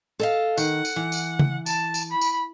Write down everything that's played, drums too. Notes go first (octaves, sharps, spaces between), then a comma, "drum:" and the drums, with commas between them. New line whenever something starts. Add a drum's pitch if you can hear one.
A4 D#5 F5
D#3 F#5, drum: tambourine
drum: tambourine
E3
drum: tambourine
drum: tom C#3
A5, drum: tambourine
drum: tambourine
B5
drum: tambourine